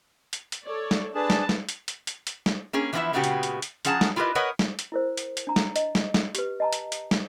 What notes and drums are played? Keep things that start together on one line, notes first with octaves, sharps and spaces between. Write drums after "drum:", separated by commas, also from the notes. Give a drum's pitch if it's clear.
drum: hi-hat
drum: hi-hat
A4 C#5 D5
drum: snare
D4 G#4 B4 A5
drum: snare
drum: snare
drum: hi-hat
drum: hi-hat
drum: hi-hat
drum: hi-hat
drum: snare
A#3 C#4 G#4
E3 F3 B3 C4 E4 E5
A#2 C#3 G#3 B3 F#4 G4
drum: hi-hat
drum: hi-hat
drum: hi-hat
F3 C#4 G#4 F#5 A5 A#5, drum: hi-hat
drum: snare
E4 F4 G4 A#4 B4 D#5
A#4 B4 C#5 D#5 F#5
drum: snare
drum: hi-hat
E4 A#4 C5
drum: hi-hat
drum: hi-hat
D4 A#5
drum: snare
D#5, drum: hi-hat
drum: snare
drum: snare
G4 B4, drum: hi-hat
D#5 A5 A#5
drum: hi-hat
drum: hi-hat
drum: snare